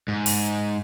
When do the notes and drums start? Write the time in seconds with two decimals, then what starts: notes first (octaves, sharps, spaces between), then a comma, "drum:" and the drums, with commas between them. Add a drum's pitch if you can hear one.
0.08 G#2
0.26 drum: open hi-hat